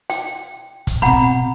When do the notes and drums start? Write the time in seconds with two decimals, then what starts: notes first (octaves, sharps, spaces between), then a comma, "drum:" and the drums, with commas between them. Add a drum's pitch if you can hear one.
0.10 G5, drum: hi-hat
0.87 drum: kick, hi-hat
1.02 B2 C4 F#5 A#5 B5